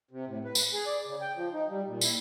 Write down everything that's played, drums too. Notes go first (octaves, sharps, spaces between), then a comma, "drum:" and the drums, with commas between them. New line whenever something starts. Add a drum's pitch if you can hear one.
C3
A2
B4
drum: tambourine
G#4
D5
C#3
G5
F3
D#4
G3
A#2
E4, drum: tambourine